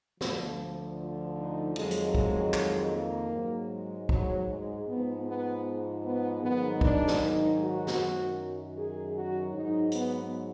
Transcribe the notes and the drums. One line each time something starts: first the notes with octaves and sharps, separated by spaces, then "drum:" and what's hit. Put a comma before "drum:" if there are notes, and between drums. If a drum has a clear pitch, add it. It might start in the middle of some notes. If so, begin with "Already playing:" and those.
D2 D3 F3, drum: snare
D#4
F2 D#3 F#3 G#3, drum: cymbal
drum: hi-hat
G#3, drum: kick
G#3, drum: clap
A#3
G#2 F#3
G#3
F#3, drum: kick
G#3
G#2 F3 B3
B3
B3
G#2 D#3 F#3 B3
D4, drum: kick
drum: snare
D#4
F#4
drum: snare
F#2 D#3 F#3
G#4
F#4
G#2 F#3 D#4
B3, drum: hi-hat